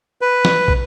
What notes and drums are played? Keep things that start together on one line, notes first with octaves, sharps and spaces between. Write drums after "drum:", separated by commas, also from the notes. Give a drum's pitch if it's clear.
B4
drum: snare
drum: kick